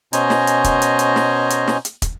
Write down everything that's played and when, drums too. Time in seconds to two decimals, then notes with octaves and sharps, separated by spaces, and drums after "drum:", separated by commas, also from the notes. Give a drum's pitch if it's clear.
0.13 B2 C#4 C5 D#5 G#5 A#5, drum: hi-hat
0.30 drum: snare
0.47 drum: hi-hat
0.64 drum: kick, hi-hat
0.82 drum: hi-hat
0.99 drum: hi-hat
1.16 drum: snare
1.50 drum: hi-hat
1.68 drum: snare
1.85 drum: hi-hat
2.02 drum: kick, hi-hat